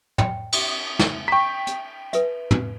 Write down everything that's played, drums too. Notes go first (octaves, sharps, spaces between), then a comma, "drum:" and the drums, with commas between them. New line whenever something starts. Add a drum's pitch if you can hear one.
G5, drum: tom
drum: cymbal
drum: snare
G5 A#5 C#6 B6
drum: hi-hat
B4 E5, drum: hi-hat
drum: tom